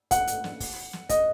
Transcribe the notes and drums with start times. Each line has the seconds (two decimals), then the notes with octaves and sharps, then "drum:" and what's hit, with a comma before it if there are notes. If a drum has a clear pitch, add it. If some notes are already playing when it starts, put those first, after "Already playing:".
0.11 F#5, drum: kick, hi-hat
0.27 drum: hi-hat
0.44 drum: snare
0.60 drum: kick, open hi-hat
0.93 drum: snare
1.09 D#5, drum: kick, hi-hat